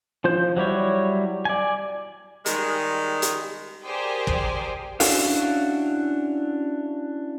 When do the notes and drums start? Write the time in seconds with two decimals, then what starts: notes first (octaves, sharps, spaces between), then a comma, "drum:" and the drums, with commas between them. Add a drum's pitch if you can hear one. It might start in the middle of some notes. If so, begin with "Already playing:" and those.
0.24 F3 F4 C5 G6
0.57 F#3 G3 E4 C#5
1.45 D5 G#5
2.46 D#3 G3 G#3, drum: hi-hat
3.22 drum: hi-hat
3.83 G4 G#4 A#4 C5 D5 G5
4.27 drum: kick
5.00 C#4 D4 E4 F#4 F5, drum: open hi-hat